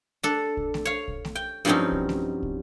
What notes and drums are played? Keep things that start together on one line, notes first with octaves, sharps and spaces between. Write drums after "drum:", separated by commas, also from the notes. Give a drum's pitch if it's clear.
D4 A4
drum: kick
drum: snare A3
C#5 F5
drum: kick
drum: snare A3
G5
G2 F3 F#3 C4 C#4 D#4
drum: kick
drum: snare A3
drum: kick